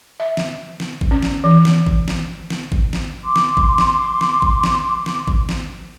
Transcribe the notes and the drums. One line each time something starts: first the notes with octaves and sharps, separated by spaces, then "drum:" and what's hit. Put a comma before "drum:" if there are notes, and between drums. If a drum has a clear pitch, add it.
E5
drum: snare
drum: snare
drum: kick A1
C#4
drum: snare
E3
drum: snare
drum: kick A1
drum: snare
drum: snare
drum: kick A1
drum: snare
C6 D6
drum: snare
drum: kick A1
drum: snare
drum: snare
drum: kick A1
drum: snare
drum: snare
drum: kick A1
drum: snare